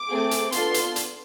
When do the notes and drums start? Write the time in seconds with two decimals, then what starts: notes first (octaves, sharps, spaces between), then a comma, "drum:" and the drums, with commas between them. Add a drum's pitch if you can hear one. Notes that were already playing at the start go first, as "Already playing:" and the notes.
Already playing: D6
0.09 A3 C4 G#4
0.31 drum: hi-hat
0.52 B3 D4 F4 A4 C6, drum: hi-hat
0.74 drum: hi-hat
0.96 drum: hi-hat